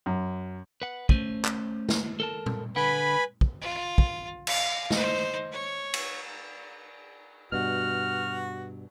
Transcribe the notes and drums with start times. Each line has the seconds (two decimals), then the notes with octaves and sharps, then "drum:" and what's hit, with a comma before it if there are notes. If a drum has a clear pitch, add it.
0.06 F#2
0.82 B4 F#5
1.09 A3 C#4 C5, drum: kick
1.45 drum: clap
1.89 drum: snare
2.20 A4 A#4 A5
2.46 drum: tom
2.76 D3 B4 F#5 G#5 B5
3.41 drum: kick
3.61 F4
3.98 drum: kick
4.47 F5, drum: cymbal
4.90 D#4 C5, drum: snare
5.52 C#5
5.94 drum: cymbal
7.52 G2 B2 F#4 F6